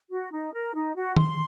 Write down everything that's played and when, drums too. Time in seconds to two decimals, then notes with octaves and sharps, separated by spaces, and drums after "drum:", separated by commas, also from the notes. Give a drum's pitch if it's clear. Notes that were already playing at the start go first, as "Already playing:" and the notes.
0.11 F#4
0.32 D#4
0.53 A#4
0.74 D#4
0.95 F#4
1.16 C6, drum: tom D#3